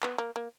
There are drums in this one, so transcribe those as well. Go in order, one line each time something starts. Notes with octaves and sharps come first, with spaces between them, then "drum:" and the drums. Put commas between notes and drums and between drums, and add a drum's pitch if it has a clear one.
B3, drum: clap
A#3
A#3